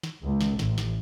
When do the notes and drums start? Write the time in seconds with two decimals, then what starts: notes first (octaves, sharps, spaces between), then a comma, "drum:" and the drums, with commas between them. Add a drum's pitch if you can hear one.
0.03 drum: snare
0.24 C#2
0.41 drum: snare
0.59 A1, drum: snare
0.78 drum: snare